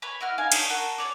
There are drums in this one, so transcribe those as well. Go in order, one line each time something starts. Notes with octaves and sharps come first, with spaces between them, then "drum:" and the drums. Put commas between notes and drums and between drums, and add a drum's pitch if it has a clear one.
B4 C#5 G#5 B5
E4 D#5 F#5 F6
D#4 F5 G#5
D4 D#4 G#4 C#5, drum: cymbal
F#4 A4 A#4
G#4 C#5 D5